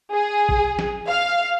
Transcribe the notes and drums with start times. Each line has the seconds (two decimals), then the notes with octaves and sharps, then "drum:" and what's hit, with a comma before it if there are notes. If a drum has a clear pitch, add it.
0.12 G#4
0.49 drum: kick A1
0.79 drum: snare
1.09 F5